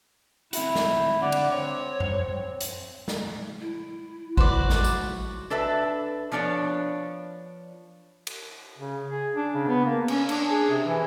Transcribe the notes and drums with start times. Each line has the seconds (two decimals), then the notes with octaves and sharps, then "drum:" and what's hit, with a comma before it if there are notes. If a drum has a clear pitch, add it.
0.53 C4 E4 F#4, drum: hi-hat
0.76 drum: snare
1.22 D3 D5 F#5 D6
1.32 drum: cymbal
1.52 C4 C#5
2.00 drum: tom F#2
2.61 drum: hi-hat
3.08 drum: snare
3.61 E4
4.37 F#3 F#4 B4 C5 D5, drum: kick A1
4.70 drum: snare
4.84 drum: tambourine
5.50 D4 A4 B4 E5
6.32 F3 B3 D4 C#5 D5
8.27 drum: cymbal
8.78 C#3
9.08 G#4
9.35 D4
9.55 C#3
9.68 B3
9.85 A#3
10.08 C#4, drum: cymbal
10.29 D4, drum: cymbal
10.51 G#4
10.70 C3
10.85 E3